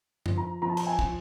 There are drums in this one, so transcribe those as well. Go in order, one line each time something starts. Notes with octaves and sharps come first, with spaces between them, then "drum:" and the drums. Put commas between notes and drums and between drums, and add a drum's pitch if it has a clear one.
F3, drum: tom F#2
A#5
F3 A#5
A5
A#5, drum: cymbal
G#5
F3, drum: kick